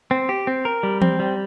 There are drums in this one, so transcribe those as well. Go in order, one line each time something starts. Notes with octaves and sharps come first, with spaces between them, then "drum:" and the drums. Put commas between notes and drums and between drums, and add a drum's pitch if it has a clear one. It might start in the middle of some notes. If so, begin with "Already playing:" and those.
C4
G4
C4
A#4
G3
C4, drum: tom E3
G3